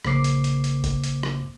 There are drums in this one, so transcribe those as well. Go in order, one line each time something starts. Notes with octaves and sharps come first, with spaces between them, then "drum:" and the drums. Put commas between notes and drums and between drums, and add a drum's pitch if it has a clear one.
A#1 C#3 A#3 C5 D6 C7, drum: rim click
drum: hi-hat
drum: hi-hat
drum: hi-hat
drum: kick, hi-hat
drum: hi-hat
drum: rim click